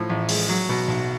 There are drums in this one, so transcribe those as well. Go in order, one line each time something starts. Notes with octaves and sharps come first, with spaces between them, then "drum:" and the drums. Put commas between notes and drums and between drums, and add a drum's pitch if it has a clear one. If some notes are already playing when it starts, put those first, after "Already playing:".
Already playing: A2 F3
A1
G#3, drum: open hi-hat
F#3
B2
B1